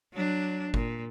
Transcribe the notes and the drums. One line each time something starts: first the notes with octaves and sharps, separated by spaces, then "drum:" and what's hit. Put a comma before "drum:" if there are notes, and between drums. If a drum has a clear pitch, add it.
F#3 D4
A#2, drum: kick G1